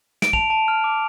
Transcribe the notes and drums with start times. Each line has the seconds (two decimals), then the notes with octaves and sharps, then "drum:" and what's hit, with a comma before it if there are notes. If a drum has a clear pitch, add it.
0.22 D7, drum: snare
0.33 A5 F7, drum: kick
0.50 A5
0.68 F6
0.84 D6